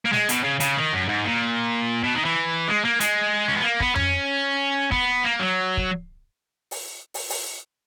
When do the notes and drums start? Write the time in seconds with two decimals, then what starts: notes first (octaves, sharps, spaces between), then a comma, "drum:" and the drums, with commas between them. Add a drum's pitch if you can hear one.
0.06 A#3
0.13 G#3, drum: snare
0.29 B2, drum: hi-hat
0.44 C#3
0.60 C#3, drum: hi-hat
0.77 D#3
0.93 F#2
1.09 G#2
1.25 A#2
2.04 B2
2.15 D#3
2.25 E3
2.68 G#3
2.85 A#3
3.00 G#3, drum: hi-hat
3.48 C#4
3.56 B3
3.64 A#3
3.80 B3, drum: kick
3.96 C#4, drum: tom F2
4.91 B3, drum: kick
5.25 A#3
5.40 F#3
5.77 drum: kick
6.71 drum: open hi-hat
7.14 drum: open hi-hat
7.30 drum: open hi-hat